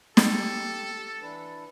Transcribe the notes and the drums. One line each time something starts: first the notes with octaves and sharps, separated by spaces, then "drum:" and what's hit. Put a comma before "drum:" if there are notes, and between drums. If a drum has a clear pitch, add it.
G4 A4, drum: snare
E3 D4 B4